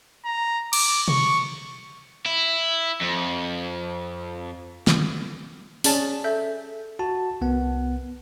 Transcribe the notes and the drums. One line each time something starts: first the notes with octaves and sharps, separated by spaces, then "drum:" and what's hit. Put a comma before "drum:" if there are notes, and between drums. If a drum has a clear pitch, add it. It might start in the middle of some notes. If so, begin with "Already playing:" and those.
A#5
D6, drum: cymbal
C#6, drum: tom
E4
F2
drum: snare
C#4 G#4 D5 A5, drum: open hi-hat
A4 E5 G6
F#4 A5
C2 B3 F#5